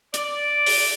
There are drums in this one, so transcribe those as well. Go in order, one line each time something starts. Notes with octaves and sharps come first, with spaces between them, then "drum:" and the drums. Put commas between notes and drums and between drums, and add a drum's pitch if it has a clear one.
D5, drum: hi-hat
drum: open hi-hat